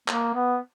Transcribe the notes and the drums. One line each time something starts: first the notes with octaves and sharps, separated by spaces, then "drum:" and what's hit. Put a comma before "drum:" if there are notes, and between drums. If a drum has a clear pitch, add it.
A#3, drum: clap
B3